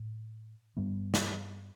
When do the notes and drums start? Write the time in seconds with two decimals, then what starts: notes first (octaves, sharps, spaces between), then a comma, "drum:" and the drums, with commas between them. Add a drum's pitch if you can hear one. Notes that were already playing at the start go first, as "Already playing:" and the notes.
Already playing: A2
0.77 G2 G3 B3
1.14 drum: snare